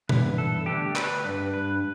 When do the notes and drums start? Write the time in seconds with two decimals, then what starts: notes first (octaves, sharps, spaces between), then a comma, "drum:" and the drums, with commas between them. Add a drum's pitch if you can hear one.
0.09 G2 E3 B3 B4, drum: tom A#2
0.38 A4
0.66 D3 A3 D4 G4
0.96 B4, drum: clap
1.24 G2 G3 D4 B4
1.54 B4